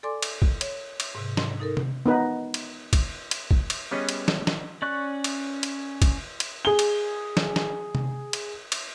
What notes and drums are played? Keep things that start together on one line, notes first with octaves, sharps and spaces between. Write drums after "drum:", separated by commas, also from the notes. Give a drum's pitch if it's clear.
A4 D5 G#5 C6 D6
drum: cymbal
drum: kick
C#5, drum: cymbal
drum: cymbal
G#2 C3
C6, drum: snare
D#4 A4 A#4
drum: tom C3
B3 D#4 B4
drum: cymbal
drum: kick, cymbal
drum: cymbal
drum: kick
drum: cymbal
G3 B3 C#4 G#4 B4 D#5
drum: cymbal
drum: snare
drum: snare
C#4 D5 C#6 F#6
drum: cymbal
drum: cymbal
drum: kick, cymbal
drum: cymbal
G#4 G7
drum: cymbal
drum: snare
drum: snare
drum: tom C3
drum: cymbal
drum: cymbal